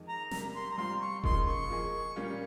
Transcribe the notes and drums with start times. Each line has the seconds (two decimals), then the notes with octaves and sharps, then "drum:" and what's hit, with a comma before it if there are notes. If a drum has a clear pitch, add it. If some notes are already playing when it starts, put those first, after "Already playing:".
Already playing: F2 D#3 G#3
0.08 A#5
0.31 C3 G3 A#3 A#5, drum: snare
0.55 C6
0.70 A#5
0.77 G2 G3 C4 F4 C6
1.01 C#6
1.24 C#3 F3 A#3 D#4 C6, drum: kick E1
1.47 C#6
1.70 F3 A#3 D#4 G#4
2.16 A#2 G3 A#3 C#4 F4